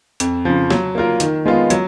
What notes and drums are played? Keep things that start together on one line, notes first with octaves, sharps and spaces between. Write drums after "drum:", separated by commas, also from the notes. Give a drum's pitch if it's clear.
F2, drum: hi-hat
C#3 F3
F#3, drum: snare
A#3 F4 A#4
D#3, drum: hi-hat
G#3 B3 F4
F#3, drum: hi-hat